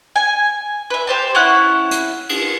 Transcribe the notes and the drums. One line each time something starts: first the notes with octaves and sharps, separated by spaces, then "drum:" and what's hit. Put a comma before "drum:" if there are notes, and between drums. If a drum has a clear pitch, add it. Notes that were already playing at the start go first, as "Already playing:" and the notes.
G#5
B4 E5
G4 C5 A5
C#4 E4 F#5
drum: hi-hat
drum: cymbal